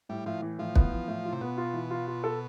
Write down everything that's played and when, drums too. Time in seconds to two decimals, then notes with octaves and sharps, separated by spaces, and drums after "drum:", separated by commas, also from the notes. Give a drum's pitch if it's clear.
0.09 A2 G3
0.26 A2 F3
0.42 E3
0.59 A2 F3
0.76 B3, drum: kick
0.92 E3
1.08 A2
1.25 F4
1.32 C3
1.41 B2 B3
1.58 F4
1.74 E3
1.90 F4
2.07 F4
2.24 A4